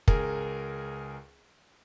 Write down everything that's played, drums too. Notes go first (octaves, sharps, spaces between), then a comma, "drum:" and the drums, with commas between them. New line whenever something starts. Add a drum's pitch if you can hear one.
C#2 G#4 A#4, drum: kick